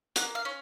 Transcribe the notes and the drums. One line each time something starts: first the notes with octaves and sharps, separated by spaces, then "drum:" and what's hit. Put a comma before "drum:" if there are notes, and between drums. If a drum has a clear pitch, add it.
A#3 F#5, drum: hi-hat
F5
C#4